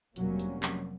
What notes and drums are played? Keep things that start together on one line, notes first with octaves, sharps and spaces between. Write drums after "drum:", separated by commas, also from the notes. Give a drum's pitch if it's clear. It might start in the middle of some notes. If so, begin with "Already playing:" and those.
F1 C3 F#3 G3 A#3 C#4, drum: hi-hat
drum: hi-hat
drum: clap